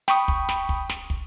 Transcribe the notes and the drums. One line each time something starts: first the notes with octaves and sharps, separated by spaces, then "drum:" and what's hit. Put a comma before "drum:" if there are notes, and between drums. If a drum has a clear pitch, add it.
G5 B5 C#6 D#6, drum: snare
drum: kick
drum: snare
drum: kick
drum: snare
drum: kick